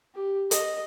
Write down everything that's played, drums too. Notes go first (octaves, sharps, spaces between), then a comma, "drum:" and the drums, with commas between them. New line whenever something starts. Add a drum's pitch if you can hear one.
G4
D#5, drum: hi-hat